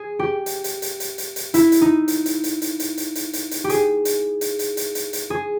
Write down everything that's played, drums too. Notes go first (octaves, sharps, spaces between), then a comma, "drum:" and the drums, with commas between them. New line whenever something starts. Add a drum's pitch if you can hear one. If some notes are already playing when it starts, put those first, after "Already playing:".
Already playing: G#4
G4
drum: hi-hat
drum: hi-hat
drum: hi-hat
drum: hi-hat
drum: hi-hat
drum: hi-hat
E4, drum: hi-hat
drum: hi-hat
D#4
drum: hi-hat
drum: hi-hat
drum: hi-hat
drum: hi-hat
drum: hi-hat
drum: hi-hat
drum: hi-hat
drum: hi-hat
drum: hi-hat
G4
G#4, drum: hi-hat
drum: hi-hat
drum: hi-hat
drum: hi-hat
drum: hi-hat
drum: hi-hat
drum: hi-hat
G#4